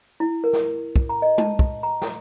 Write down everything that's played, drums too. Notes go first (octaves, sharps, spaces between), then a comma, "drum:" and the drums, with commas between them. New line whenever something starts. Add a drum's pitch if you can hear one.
E4
A#4
drum: snare
drum: kick
A#5
D#5
A5, drum: tom G#3
drum: kick
A#5
drum: snare